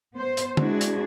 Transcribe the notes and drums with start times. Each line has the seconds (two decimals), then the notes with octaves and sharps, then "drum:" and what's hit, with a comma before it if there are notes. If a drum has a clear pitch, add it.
0.15 B3 C5
0.37 drum: hi-hat
0.57 G#3 C4 D4 E4 F#4 G#4, drum: tom
0.81 drum: hi-hat